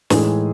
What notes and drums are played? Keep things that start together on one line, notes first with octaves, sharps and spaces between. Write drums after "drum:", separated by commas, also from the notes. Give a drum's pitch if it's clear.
A2 E3 G#3 D#4 G#4, drum: snare